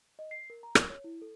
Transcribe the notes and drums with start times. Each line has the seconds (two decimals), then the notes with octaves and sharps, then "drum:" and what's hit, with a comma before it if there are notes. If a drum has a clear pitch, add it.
0.19 D#5
0.31 C7
0.50 A#4
0.63 A#5
0.75 A#4, drum: rim click
0.89 C#5
1.04 E4
1.22 A4